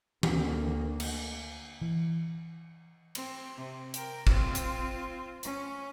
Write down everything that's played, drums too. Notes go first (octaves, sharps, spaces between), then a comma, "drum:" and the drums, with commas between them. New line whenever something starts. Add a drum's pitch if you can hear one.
D2 A#3, drum: tom D#3
drum: cymbal
E3
C4, drum: cymbal
C3
A#4 G5, drum: hi-hat
C4 F4, drum: kick
drum: hi-hat
C#4, drum: hi-hat